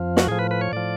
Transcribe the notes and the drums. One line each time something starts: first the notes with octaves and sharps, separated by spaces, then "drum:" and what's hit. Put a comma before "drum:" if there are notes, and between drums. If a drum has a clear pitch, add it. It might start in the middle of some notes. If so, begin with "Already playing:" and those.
Already playing: F2 F3
F#4, drum: snare
A2 F3 G#4
B4
B4
C#5
A2 F3 D5